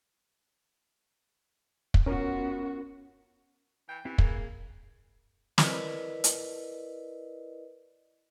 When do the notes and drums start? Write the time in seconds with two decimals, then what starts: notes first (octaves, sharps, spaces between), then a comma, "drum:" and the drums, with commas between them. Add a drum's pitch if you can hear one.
1.94 drum: kick
2.06 B3 C#4 F4 F#4 A#4
3.89 E3 G5
4.05 E3 C4 E4 G4
4.18 A#3 G#4, drum: kick
5.58 E4 A#4 B4 D5 D#5, drum: snare
6.24 drum: hi-hat